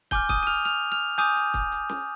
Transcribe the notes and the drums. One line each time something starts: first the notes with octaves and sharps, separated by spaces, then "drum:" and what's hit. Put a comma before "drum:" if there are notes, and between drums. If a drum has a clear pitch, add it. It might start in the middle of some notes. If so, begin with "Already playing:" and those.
G#5 D6 F6 G6 G7, drum: kick, hi-hat
D#6 D#7, drum: kick, hi-hat
D#7
F6 F7, drum: hi-hat
F6 F7, drum: hi-hat
F6 F7
G#5 D6 D#6 G6 D#7, drum: hi-hat
drum: hi-hat
drum: kick, hi-hat
drum: hi-hat
drum: snare